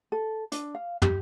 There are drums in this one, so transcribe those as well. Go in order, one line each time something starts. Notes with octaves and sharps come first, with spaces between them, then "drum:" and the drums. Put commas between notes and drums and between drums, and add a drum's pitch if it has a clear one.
A4
D4, drum: hi-hat
F5
G4, drum: tom